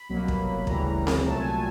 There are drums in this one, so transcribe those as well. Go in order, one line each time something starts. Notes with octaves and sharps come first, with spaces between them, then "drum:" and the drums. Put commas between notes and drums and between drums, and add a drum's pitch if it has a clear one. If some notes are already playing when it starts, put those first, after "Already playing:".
Already playing: B5
C2 B2 F#3 A#3
drum: kick
D2 C#3 E3 G3 A#5, drum: kick
drum: snare C4
C2 A#2 F#3 A3 A5
G#5
A5